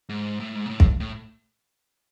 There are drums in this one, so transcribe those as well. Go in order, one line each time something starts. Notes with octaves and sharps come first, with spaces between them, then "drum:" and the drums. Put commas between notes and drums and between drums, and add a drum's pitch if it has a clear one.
G#2
A2
G#2
A#2
A2
drum: kick
A2